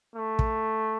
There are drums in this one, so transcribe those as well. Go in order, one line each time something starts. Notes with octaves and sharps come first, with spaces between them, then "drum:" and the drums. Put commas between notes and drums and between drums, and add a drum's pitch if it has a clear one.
A3
drum: kick